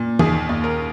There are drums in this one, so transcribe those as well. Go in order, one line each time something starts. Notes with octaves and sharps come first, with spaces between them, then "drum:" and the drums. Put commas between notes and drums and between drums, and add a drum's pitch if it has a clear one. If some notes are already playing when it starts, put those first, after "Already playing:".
Already playing: A#2
D#2 G#4, drum: tom
D#2
A#4